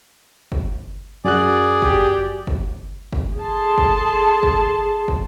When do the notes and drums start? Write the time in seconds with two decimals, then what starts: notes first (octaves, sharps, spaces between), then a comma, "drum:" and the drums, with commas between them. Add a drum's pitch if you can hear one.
0.52 drum: kick
1.25 F#2 F#4 G#4 D5 F#6
1.82 G4, drum: kick
2.47 drum: kick
3.13 drum: kick
3.39 G#4 A4 A5 C6
3.78 drum: kick
4.43 drum: kick
5.08 drum: kick